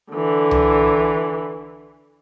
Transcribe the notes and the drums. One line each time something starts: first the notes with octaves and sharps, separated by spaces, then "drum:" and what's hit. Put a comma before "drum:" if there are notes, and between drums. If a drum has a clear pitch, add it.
D3 E3
drum: tom C2